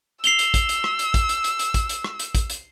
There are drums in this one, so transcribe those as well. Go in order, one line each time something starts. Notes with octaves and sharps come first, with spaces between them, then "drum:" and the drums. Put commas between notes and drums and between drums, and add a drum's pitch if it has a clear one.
E6 C7 F7 G7, drum: hi-hat
drum: hi-hat
drum: kick, hi-hat
drum: hi-hat
drum: rim click
drum: hi-hat
drum: kick, hi-hat
drum: hi-hat
drum: hi-hat
drum: hi-hat
drum: kick, hi-hat
drum: hi-hat
drum: rim click
drum: hi-hat
drum: kick, hi-hat
drum: hi-hat